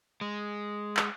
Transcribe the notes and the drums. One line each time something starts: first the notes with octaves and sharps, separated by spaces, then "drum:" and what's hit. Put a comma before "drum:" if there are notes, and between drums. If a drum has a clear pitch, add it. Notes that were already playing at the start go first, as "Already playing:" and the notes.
G#3
drum: clap